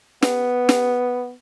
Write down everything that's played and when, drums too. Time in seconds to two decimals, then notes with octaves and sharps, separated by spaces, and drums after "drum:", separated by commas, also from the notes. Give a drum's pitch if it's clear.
0.22 B3, drum: snare
0.69 drum: snare